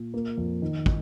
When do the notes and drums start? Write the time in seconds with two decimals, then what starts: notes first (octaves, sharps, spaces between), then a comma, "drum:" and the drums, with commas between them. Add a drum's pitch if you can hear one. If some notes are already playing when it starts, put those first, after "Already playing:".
Already playing: A#2
0.14 A#3
0.38 F2
0.62 D#3
0.86 D#3, drum: kick